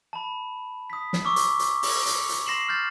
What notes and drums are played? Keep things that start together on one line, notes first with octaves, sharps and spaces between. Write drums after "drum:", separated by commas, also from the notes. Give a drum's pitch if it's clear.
A5 B5
D#6 B6
drum: snare
C#6 D6 E6
drum: hi-hat
drum: hi-hat
drum: open hi-hat
drum: hi-hat
drum: hi-hat
C6 A#6 C7 E7 F#7
F6 G6 A6